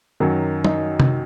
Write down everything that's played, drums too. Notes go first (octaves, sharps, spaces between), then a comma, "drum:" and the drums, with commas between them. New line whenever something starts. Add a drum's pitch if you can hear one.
F#2 D#3 F#3
D#4, drum: tom F#3
drum: tom C3